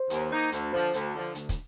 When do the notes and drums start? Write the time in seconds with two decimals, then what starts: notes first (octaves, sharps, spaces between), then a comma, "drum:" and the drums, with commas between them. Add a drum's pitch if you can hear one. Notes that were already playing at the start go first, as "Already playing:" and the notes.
Already playing: C5
0.10 D#2, drum: hi-hat
0.31 D#3 A#3 D#4
0.52 D2, drum: hi-hat
0.72 D3 F3 C5
0.94 D2, drum: hi-hat
1.14 D3 F3
1.35 D2, drum: hi-hat
1.49 drum: kick, hi-hat